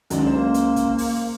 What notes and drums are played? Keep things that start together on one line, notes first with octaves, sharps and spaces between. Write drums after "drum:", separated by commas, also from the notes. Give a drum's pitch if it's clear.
C#2 D#3 F#3 D4, drum: hi-hat
A#3 C5
drum: hi-hat
drum: kick, hi-hat
drum: open hi-hat